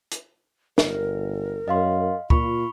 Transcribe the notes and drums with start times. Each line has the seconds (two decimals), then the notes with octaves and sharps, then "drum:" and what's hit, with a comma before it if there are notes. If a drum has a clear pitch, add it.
0.12 drum: hi-hat
0.78 G1 A#4, drum: snare
1.68 F#2 D#5 F5 C6
2.30 A#2 F4 B5 C#6, drum: kick C#2